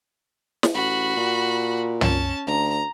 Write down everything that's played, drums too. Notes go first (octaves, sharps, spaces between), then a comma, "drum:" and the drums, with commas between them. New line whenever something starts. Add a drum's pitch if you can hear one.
drum: snare
A1 F#4 B5
A#2
C#4 A5, drum: tom
D2 A#5